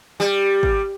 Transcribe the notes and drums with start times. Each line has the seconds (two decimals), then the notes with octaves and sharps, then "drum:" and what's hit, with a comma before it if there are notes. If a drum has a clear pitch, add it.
0.20 G3
0.63 drum: kick G#1